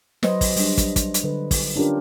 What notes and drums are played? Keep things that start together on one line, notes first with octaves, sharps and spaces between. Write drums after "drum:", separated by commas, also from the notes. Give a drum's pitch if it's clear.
F#3 B4 C5 D#5, drum: snare
drum: kick, open hi-hat
G3 D4, drum: open hi-hat
drum: kick, hi-hat
drum: kick, hi-hat
drum: hi-hat
D3 B4
drum: kick, open hi-hat
C#4 D4 F4 G4 A#4